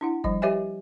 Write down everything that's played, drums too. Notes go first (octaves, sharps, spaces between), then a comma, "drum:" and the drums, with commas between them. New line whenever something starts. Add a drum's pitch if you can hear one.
D4 E4 F#5
F3 G3 D#5, drum: kick F#1
G4 B4 C#5 D#5 E5 G#5